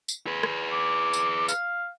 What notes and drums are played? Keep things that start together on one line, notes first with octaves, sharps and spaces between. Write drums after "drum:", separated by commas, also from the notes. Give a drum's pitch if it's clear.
drum: tambourine
G#4 B4
drum: rim click
D6
drum: tambourine
F5, drum: tambourine